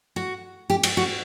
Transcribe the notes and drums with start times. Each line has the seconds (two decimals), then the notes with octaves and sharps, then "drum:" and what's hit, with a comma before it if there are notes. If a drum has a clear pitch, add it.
0.16 F#4
0.70 G4
0.83 F#4, drum: cymbal
0.97 F#4